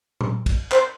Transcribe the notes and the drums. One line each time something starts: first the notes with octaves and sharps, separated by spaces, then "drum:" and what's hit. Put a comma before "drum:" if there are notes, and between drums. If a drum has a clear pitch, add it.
drum: tom A#2
drum: kick, cymbal
C5, drum: clap